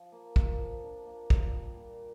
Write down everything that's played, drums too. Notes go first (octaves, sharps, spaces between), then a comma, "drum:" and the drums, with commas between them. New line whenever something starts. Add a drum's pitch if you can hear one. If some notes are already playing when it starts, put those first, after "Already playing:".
Already playing: F3
A#3
F3, drum: kick
F3
D4
A#3
A#2, drum: kick
G3
A#2